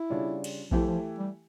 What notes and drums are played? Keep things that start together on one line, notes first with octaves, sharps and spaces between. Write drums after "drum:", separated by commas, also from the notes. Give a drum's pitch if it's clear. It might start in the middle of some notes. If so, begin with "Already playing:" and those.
Already playing: E4
C#3 G3 D4 F4 C#5
drum: cymbal
E3 F3 A3 E4 G4, drum: kick A#1
F3
G3